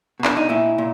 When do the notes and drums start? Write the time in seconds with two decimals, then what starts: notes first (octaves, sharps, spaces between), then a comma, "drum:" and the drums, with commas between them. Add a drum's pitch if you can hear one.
0.20 B2
0.25 D4, drum: clap
0.37 D#4
0.49 A#2 E4
0.78 A#2